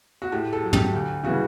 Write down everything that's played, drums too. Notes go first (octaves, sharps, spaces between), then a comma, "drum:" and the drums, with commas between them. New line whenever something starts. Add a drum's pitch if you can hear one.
F#4
A2 G4
A4
F#3
G4, drum: tom
D2
C#3 E3 G3 F#4